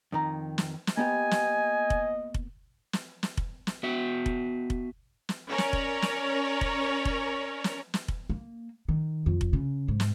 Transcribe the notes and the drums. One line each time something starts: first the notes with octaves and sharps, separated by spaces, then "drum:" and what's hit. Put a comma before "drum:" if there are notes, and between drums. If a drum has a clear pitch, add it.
F2 D#3 A#5
drum: snare
drum: snare
A#3 B3 G4 D#5 G#5
drum: snare
drum: kick F1
drum: kick F1
drum: snare
drum: snare
drum: kick F1
drum: snare
B3 F#4 E5
drum: kick F1
drum: kick F1
drum: snare
C#4 A#4 C#5 D5
drum: snare
drum: kick F1
drum: snare
drum: kick F1
drum: kick F1
drum: snare
drum: snare
drum: kick F1
A#3
D#3
F2
drum: kick F1
C#3
G#2
drum: snare